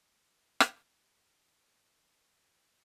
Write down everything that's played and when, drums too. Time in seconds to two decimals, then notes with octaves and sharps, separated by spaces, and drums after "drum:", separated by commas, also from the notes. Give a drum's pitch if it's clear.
0.15 G5
0.60 drum: rim click
1.60 A4